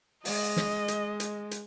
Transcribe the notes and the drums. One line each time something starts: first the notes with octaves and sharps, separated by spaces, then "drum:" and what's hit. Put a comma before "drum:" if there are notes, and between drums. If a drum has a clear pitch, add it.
G#3 D#5, drum: open hi-hat
drum: snare
drum: hi-hat
drum: hi-hat
drum: hi-hat